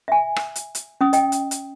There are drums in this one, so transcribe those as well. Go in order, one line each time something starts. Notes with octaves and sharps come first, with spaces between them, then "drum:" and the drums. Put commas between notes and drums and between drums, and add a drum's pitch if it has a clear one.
E5 G#5
drum: rim click
drum: hi-hat
drum: hi-hat
C#4 D#6
D#5 G5, drum: hi-hat
drum: hi-hat
drum: hi-hat